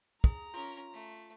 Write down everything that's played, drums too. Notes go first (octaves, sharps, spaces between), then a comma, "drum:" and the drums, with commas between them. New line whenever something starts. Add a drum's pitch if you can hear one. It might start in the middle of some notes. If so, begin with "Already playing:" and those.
G#4 A#5, drum: kick
C#4 F4 A#4
A3